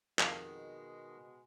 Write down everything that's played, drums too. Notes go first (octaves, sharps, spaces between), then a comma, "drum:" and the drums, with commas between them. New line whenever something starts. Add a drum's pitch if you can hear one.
F2 B2 D#3 G#3, drum: clap